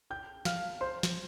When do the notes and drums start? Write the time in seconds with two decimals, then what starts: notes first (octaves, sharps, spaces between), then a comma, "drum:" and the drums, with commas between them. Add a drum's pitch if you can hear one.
0.10 G5 G6
0.45 F5 F6, drum: snare
0.81 C5 C6
1.03 drum: snare